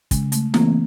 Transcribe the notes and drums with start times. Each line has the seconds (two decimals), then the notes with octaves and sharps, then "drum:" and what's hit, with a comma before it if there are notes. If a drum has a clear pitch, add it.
0.11 C#3 G#3, drum: kick, hi-hat
0.32 A3, drum: hi-hat
0.54 E3 A3 A#3 C4, drum: snare